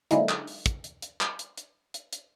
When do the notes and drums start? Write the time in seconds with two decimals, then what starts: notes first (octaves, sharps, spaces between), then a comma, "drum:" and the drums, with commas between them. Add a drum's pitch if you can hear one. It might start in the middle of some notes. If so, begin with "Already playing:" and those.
0.11 D3 F#3 G#3 A#3 D#4 E4, drum: hi-hat
0.29 drum: clap
0.47 drum: open hi-hat
0.66 drum: kick, hi-hat
0.84 drum: hi-hat
1.02 drum: hi-hat
1.21 drum: clap
1.39 drum: hi-hat
1.57 drum: hi-hat
1.94 drum: hi-hat
2.13 drum: hi-hat